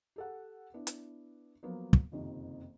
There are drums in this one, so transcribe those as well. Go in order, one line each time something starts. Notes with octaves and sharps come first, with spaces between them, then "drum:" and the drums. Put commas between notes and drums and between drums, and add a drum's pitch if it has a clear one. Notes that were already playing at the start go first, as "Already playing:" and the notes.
G4 A4 F#5
B3 D4 E4
drum: hi-hat
F3 F#3 A#3 B3
drum: kick
F#1 F2 C3 D#3